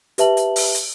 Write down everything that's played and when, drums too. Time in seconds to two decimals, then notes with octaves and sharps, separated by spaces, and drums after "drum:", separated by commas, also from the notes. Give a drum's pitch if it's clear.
0.18 G4 B4 E5 A5 F#7, drum: hi-hat
0.37 drum: hi-hat
0.56 drum: open hi-hat
0.75 drum: hi-hat